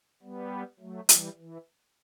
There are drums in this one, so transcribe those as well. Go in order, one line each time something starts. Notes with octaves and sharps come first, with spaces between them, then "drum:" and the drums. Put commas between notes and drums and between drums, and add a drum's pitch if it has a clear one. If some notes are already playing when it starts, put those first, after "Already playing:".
G3 B3
F#3 A3
E3 G3, drum: hi-hat
E3